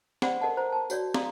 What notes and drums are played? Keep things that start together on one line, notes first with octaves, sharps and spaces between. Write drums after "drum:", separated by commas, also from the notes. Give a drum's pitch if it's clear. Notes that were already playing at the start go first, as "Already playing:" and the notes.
C5 D5 F#5 G5 B5 C6, drum: snare
A4 A#4 D#5 F#5 A5
C5 A#5
A5
F#4 C#5 D5, drum: tambourine
D5 F5 A#5 C6 D#6, drum: snare